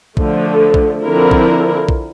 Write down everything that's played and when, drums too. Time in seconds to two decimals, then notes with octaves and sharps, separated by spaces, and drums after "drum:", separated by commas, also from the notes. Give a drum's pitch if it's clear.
0.17 D3 F3 A3, drum: kick A#1
0.74 drum: kick A#1
1.03 D3 F3 C4 E4 A#4
1.31 drum: kick A#1
1.89 drum: kick A#1